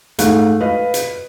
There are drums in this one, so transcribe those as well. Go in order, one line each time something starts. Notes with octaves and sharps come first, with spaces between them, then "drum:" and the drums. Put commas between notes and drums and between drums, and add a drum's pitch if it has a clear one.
G#2 A3 F5 F#6, drum: hi-hat
B4 D#5 F5
drum: hi-hat